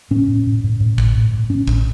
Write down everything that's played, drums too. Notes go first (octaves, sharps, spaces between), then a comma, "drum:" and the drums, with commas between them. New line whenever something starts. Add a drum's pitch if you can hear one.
A2 C#4
A2
A2
A2
A2
A2, drum: kick
A2
A2
A2 C#4
A2, drum: kick